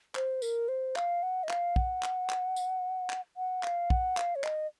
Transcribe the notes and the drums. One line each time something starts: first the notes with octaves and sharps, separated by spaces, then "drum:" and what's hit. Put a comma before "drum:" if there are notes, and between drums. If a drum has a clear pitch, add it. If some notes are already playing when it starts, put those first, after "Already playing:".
C5, drum: clap
A#4, drum: tambourine
C5
F5, drum: clap
F#5
D#5
F5, drum: clap
F#5, drum: kick
drum: clap
drum: clap
drum: tambourine
drum: clap
F#5
F5, drum: clap
F#5, drum: kick
F5, drum: clap
C#5
D#5, drum: clap